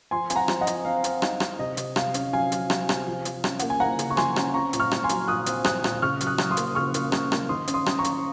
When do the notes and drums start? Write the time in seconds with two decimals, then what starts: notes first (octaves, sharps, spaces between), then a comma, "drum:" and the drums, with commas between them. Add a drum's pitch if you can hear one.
0.11 F3 G#5 C6
0.30 C4 G#5, drum: hi-hat
0.36 F#5 A#5
0.48 F3, drum: rim click
0.61 D#5 F#5
0.67 C4, drum: hi-hat
0.85 C4 F5
1.04 C4, drum: hi-hat
1.22 D#4, drum: rim click
1.40 D#4, drum: rim click
1.59 C3 D#5
1.77 C3, drum: hi-hat
1.96 C3 F5, drum: rim click
2.14 C#4, drum: hi-hat
2.33 F#3 F5 G#5
2.52 F#3, drum: hi-hat
2.70 F#3, drum: rim click
2.89 C3, drum: rim click
3.07 F3
3.25 F3, drum: hi-hat
3.44 C#4, drum: rim click
3.59 A#3 F#5, drum: hi-hat
3.70 G#5
3.80 A#3 F#5 A#5
3.99 C#3, drum: hi-hat
4.10 C#6
4.17 F3 G#5 C6, drum: rim click
4.36 C#4, drum: rim click
4.54 C4 A#5 C#6
4.73 A#2, drum: hi-hat
4.79 C#6 F6
4.91 A#2, drum: rim click
5.04 G#5 C6
5.09 F#3, drum: hi-hat
5.28 A#2 D#6 F#6
5.46 C4, drum: hi-hat
5.64 C4 D#6 F#6, drum: rim click
5.84 A#2, drum: rim click
5.92 F#6
6.02 C#3 C#6 F6
6.21 F#3, drum: hi-hat
6.27 D#6 F#6
6.38 F#3, drum: rim click
6.51 C6 D#6
6.57 A#3, drum: hi-hat
6.75 C#3 C#6 F6
6.94 A#3, drum: hi-hat
7.12 C#3, drum: rim click
7.32 A#3, drum: rim click
7.49 D#3 C6 D#6
7.68 C#4, drum: hi-hat
7.74 C6 D#6
7.86 C#4, drum: rim click
7.98 A#5 C#6
8.04 C#4, drum: hi-hat